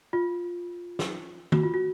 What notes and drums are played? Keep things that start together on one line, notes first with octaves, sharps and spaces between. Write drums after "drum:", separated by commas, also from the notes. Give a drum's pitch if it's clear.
F4
drum: snare
F#4, drum: tom
F4
F#4